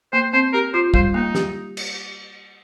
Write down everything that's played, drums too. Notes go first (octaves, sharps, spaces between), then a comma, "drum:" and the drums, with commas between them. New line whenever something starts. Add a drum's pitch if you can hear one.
A#3 C5
C4 C5
G4 A#4
F4 C5
G3 C5, drum: kick
A#3 D#4
G4, drum: snare
drum: cymbal